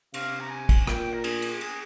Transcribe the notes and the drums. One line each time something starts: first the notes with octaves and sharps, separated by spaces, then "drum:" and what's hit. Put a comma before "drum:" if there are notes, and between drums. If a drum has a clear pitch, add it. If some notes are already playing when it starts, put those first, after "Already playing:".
C3 F5, drum: cymbal
A#5
G#5
drum: kick, cymbal
A#2 G5, drum: rim click
A#4
G#4, drum: cymbal
drum: cymbal
G#4, drum: cymbal